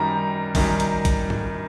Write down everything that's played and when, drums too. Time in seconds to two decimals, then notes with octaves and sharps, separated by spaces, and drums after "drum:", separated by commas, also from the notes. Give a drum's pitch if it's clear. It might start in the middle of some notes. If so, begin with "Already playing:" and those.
Already playing: F#2 D#3 G3 A#5
0.55 F#2 D#3 G3, drum: kick A1, open hi-hat
0.80 drum: hi-hat
1.05 drum: kick A1, hi-hat
1.30 drum: tom G#2